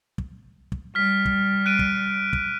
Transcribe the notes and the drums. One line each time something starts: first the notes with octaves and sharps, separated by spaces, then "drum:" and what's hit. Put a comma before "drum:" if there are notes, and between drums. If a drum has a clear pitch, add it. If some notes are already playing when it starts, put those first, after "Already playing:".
drum: kick
drum: kick
G3 F6 B6
drum: kick
F#6 D7 D#7
drum: kick
drum: kick